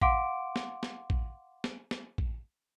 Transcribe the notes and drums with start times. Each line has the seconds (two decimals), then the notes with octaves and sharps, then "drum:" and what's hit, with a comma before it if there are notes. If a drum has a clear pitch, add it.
0.01 F5 F#5 C6 D6 D7, drum: kick
0.56 drum: snare
0.83 drum: snare
1.10 drum: kick
1.64 drum: snare
1.91 drum: snare
2.18 drum: kick